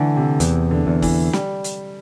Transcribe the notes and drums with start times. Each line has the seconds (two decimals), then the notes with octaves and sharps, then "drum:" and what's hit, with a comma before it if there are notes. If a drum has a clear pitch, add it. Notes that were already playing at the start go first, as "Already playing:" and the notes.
Already playing: D3 E3 A3
0.16 C3
0.40 E2, drum: hi-hat
0.71 D3
0.87 E2
1.02 E3, drum: kick, open hi-hat
1.33 G3, drum: snare
1.64 drum: hi-hat